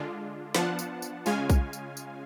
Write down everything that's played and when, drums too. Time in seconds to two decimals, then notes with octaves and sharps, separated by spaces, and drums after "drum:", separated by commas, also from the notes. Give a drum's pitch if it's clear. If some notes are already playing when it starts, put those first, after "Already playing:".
Already playing: D3 G#3 D4 F4
0.55 F3 B3 D4 F4 F#5 A5, drum: snare
0.79 drum: tambourine
1.02 drum: tambourine
1.26 C#3 G#3 C#4 F4 F5 G#5, drum: tambourine
1.50 drum: kick B1, tambourine
1.73 drum: tambourine
1.97 drum: tambourine